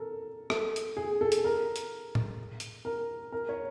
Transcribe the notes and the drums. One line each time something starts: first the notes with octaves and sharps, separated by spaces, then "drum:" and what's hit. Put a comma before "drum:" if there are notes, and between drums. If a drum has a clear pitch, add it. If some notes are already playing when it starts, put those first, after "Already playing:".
Already playing: A4 A#4
A4, drum: rim click
drum: hi-hat
G#4
A4
drum: hi-hat
A#4
drum: hi-hat
drum: tom A2
drum: hi-hat
A#4
A#4
C#5